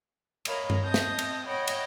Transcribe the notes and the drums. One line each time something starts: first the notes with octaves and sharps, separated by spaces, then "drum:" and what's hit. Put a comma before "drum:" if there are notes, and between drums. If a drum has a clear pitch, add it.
A#4 C#5 D#5 F5 B5, drum: cymbal
drum: tom G2
C4 D#5 A5 D#6 G6
drum: snare
drum: cymbal
C#5 D#5 F#5 G5 B5
drum: cymbal